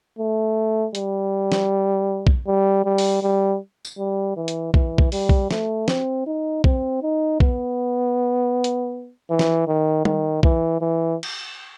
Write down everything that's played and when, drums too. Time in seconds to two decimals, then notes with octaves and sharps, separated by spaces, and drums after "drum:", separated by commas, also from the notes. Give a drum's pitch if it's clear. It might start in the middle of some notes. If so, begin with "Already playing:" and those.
0.19 A3
0.95 G3, drum: hi-hat
1.52 drum: snare
2.27 drum: kick
2.47 G3
2.84 G3
2.98 drum: open hi-hat
3.22 G3
3.85 drum: tambourine
3.98 G3
4.37 E3
4.48 drum: hi-hat
4.74 E3, drum: kick
4.98 drum: kick
5.12 G3, drum: open hi-hat
5.29 drum: kick
5.51 A3, drum: snare
5.88 C4, drum: snare
6.26 D#4
6.64 C4, drum: kick
7.02 D#4
7.40 B3, drum: kick
8.64 drum: hi-hat
9.30 E3
9.39 drum: snare
9.67 D#3
10.05 D#3, drum: tom G3
10.43 E3, drum: kick
10.81 E3
11.23 drum: cymbal